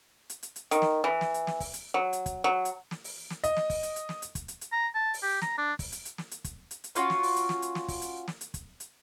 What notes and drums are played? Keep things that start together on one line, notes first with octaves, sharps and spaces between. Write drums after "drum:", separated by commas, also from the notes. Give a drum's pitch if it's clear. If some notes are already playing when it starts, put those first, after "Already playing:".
drum: hi-hat
drum: hi-hat
drum: hi-hat
D#3, drum: hi-hat
drum: snare
E3
drum: snare
drum: hi-hat
drum: snare
drum: kick, open hi-hat
drum: hi-hat
F#3
drum: hi-hat
drum: kick, hi-hat
F#3
drum: hi-hat
drum: snare
drum: open hi-hat
drum: snare
D#5, drum: hi-hat
drum: snare
drum: kick, open hi-hat
drum: hi-hat
drum: hi-hat
drum: snare
drum: hi-hat
drum: kick, hi-hat
drum: hi-hat
drum: hi-hat
A#5
A5
drum: open hi-hat
G4
A#5, drum: snare
D4
drum: kick, open hi-hat
drum: hi-hat
drum: hi-hat
drum: snare
drum: hi-hat
drum: kick, hi-hat
drum: hi-hat
drum: hi-hat
C#4 F4 F#4, drum: hi-hat
drum: snare
drum: open hi-hat
drum: hi-hat
drum: snare
drum: hi-hat
drum: snare
drum: kick, open hi-hat
drum: hi-hat
drum: snare
drum: hi-hat
drum: kick, hi-hat
drum: hi-hat